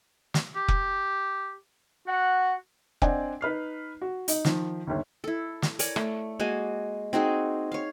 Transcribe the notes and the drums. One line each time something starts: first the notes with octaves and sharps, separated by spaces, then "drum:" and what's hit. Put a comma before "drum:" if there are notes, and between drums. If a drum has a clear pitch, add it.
drum: snare
G4
drum: kick F1
F#4 F#5
C4 D4 D5 D#5 F#5 G#5, drum: kick F1
D#4 B4 F6 C7
F#4
D#4 D#5, drum: hi-hat
D#3 F3, drum: snare
G1 D#2
E4 A4
drum: snare
A#4 C#5 D5 G#5, drum: hi-hat
A3, drum: rim click
G#3 A#3 F#4 G#5
C4 D#4 F#4 G#4
C#5 F5